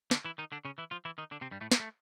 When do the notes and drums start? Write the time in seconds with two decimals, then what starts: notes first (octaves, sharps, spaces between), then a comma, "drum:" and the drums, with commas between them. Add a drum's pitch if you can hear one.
0.11 D3 D4, drum: snare
0.25 E3 E4
0.38 D#3 D#4
0.52 D3 D4
0.65 C#3 C#4
0.78 E3 E4
0.91 F3 F4
1.05 E3 E4
1.18 D#3 D#4
1.31 D3 D4
1.41 C3 C4
1.51 G2 G3
1.61 A2 A3
1.72 A#3, drum: snare
1.80 A3